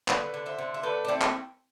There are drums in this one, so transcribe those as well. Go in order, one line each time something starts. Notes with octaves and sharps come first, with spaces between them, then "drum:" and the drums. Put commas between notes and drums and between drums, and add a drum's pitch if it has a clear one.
D3 B4 D5, drum: clap
D3
C5 E5
D3
E5
A3 B4 D5
D4
A3 C4 E4
drum: clap